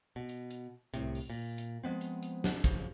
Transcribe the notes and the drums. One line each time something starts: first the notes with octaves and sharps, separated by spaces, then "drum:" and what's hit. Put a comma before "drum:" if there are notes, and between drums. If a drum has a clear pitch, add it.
B2
drum: hi-hat
drum: hi-hat
C2 A2 C3, drum: hi-hat
drum: open hi-hat
A#2
drum: hi-hat
F3 G#3 B3 C4
drum: hi-hat
drum: hi-hat
drum: snare
F#2 C#3 F3, drum: kick, hi-hat